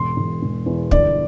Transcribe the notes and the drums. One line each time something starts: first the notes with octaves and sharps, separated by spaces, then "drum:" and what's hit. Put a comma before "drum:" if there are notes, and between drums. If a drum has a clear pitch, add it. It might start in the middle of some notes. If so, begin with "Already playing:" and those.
Already playing: E1 C6
E1
E1
E2
G1 D5, drum: kick